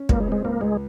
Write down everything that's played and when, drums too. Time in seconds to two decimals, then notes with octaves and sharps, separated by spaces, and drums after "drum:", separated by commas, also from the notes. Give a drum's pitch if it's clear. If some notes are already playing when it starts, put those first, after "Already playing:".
Already playing: C#4
0.09 C#2 A#3, drum: kick
0.20 G#3
0.27 C4
0.32 G#3
0.44 C#2 A#3
0.61 C#2 G#3